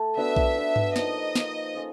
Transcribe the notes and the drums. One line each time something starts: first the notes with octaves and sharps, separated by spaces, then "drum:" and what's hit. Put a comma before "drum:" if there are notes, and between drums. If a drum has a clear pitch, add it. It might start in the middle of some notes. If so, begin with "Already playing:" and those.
Already playing: A3
B3 D4 F#4 E5
drum: kick B1
B3 D4 F#4
drum: tom G2
F3 A#3 D#4 D#5, drum: snare
F3 A#3 D#4, drum: snare
C#4 F4 A4